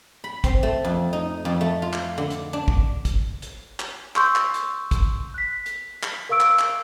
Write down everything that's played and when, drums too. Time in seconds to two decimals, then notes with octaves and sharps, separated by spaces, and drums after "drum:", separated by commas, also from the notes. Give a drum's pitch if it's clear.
0.24 B5
0.44 C4, drum: kick, hi-hat
0.63 A3
0.84 F2
1.13 D#4
1.45 F2
1.61 A3
1.82 F4
1.93 drum: clap
2.18 D3
2.31 drum: hi-hat
2.53 D4
2.68 drum: kick
3.05 drum: kick, hi-hat
3.42 drum: hi-hat
3.80 drum: clap
4.16 C6 C#6 E6 G6, drum: clap
4.35 drum: clap
4.54 drum: hi-hat
4.91 drum: kick, hi-hat
5.34 F#6 B6
5.66 drum: hi-hat
6.03 drum: clap
6.29 A#4 F5 C#6 E6 D7
6.40 drum: clap
6.59 drum: clap